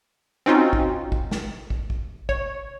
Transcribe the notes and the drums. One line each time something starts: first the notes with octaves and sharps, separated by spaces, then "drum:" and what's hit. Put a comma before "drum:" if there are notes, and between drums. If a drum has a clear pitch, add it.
C4 C#4 D#4 F4 F#4
drum: kick
drum: kick
drum: snare
drum: kick
drum: kick
C#5, drum: kick